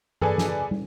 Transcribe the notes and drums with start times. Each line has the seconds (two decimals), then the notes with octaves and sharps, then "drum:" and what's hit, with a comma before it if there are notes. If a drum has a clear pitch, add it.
0.21 G#4 A4 B4 D5 G#5, drum: tom G2
0.38 drum: snare
0.71 drum: tom